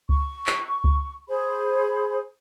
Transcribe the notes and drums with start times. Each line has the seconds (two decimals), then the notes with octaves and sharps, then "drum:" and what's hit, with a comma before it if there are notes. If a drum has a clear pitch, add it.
0.09 C#6, drum: kick C#2
0.47 drum: clap
0.84 drum: kick C#2
1.28 G#4 C5 B5